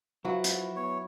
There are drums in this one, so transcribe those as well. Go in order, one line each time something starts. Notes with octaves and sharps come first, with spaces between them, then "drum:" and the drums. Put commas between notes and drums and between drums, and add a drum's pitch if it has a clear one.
F3 F#3 E4 F#4 B4
drum: hi-hat
B3 C#5